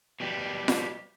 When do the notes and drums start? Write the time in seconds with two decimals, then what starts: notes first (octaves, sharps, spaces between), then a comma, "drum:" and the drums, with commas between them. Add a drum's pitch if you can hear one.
0.20 B2 G3
0.68 drum: snare F4